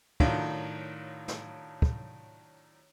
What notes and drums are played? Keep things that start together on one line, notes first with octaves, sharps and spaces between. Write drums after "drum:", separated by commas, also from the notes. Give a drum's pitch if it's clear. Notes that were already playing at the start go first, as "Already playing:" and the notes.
A2 D#3 F#3 D4 F4, drum: kick
drum: snare
drum: kick